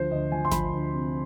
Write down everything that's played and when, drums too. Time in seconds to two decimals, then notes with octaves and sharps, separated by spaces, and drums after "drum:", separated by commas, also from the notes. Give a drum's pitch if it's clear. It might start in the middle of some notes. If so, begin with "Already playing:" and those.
Already playing: D2 F3 C5
0.11 D2 D#5
0.32 F3 G#5
0.45 C6
0.51 F3 B5, drum: snare G#1
0.73 D2
0.93 C3